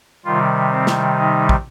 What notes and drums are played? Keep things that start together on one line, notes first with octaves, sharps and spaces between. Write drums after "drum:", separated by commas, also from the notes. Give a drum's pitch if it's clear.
C3 D#3 G3 F4
C4
drum: snare
D#4
drum: kick